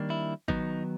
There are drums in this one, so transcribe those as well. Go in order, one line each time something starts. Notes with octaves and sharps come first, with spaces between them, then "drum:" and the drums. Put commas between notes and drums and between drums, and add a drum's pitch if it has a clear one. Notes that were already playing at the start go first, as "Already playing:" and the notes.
Already playing: D#3 G3 A#3 D4
E4
D#3 F#3 B3 D#4, drum: kick G#1